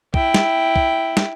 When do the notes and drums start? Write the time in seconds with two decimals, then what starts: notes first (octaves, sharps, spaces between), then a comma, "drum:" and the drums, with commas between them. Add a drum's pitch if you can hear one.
0.14 E4 G5, drum: kick
0.34 drum: snare
0.76 drum: kick
1.17 drum: snare